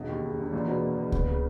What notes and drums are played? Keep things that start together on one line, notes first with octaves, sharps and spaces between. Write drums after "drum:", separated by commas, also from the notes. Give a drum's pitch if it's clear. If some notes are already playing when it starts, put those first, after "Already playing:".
Already playing: E1 B1 B2
D#2
C#3
E1
E2 A#2
B2
A#3
E2
B3, drum: kick C#2
C#3